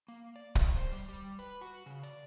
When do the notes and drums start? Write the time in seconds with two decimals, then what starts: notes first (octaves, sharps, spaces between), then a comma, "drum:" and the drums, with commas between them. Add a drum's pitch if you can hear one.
0.08 A#3
0.36 D5
0.55 D#3, drum: kick
0.76 C5
0.92 G3
1.08 G3
1.39 B4
1.61 F#4
1.86 C#3
2.03 D5